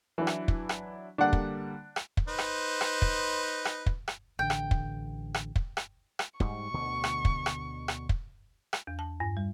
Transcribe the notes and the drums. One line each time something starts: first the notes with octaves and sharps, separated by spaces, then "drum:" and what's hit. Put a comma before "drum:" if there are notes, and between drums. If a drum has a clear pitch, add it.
E3 F#3 D4 E4
drum: rim click
drum: kick
drum: rim click
D3 G3 A#3 D4 F#5
drum: kick
drum: rim click
drum: kick
D#4 B4 C5
drum: rim click
drum: rim click
drum: kick
drum: rim click
drum: kick
drum: rim click
A1 D3 G5
drum: rim click
drum: kick
drum: rim click
drum: kick
drum: rim click
drum: rim click
G#2 G3 C#6, drum: kick
D2 B2 D3
drum: rim click
drum: kick
drum: rim click
drum: rim click
drum: kick
drum: rim click
E2
A5
G2
G3